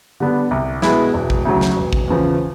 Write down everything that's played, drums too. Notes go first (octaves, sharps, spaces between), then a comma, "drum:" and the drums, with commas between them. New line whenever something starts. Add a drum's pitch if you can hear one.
D3 G3 B3 D4
C2
B2 G#3 B3 E4, drum: snare
E1
drum: kick
D2 C#3 F#3
drum: snare
E1
drum: kick
E2 C#3 F3